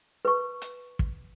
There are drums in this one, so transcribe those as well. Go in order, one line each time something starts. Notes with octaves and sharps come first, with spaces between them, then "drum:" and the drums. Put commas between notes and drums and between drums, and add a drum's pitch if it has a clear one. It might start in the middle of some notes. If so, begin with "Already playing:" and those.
B4 C#6
drum: hi-hat
drum: kick